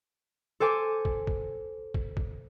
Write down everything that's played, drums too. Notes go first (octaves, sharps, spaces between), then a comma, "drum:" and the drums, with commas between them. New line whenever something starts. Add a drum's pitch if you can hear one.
A4 C5 G#5 D6
drum: kick
drum: kick
drum: kick
drum: kick